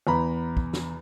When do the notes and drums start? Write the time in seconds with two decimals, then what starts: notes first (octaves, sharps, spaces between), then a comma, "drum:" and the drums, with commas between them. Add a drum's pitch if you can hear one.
0.07 E2 A#5 B5
0.57 drum: kick
0.73 drum: snare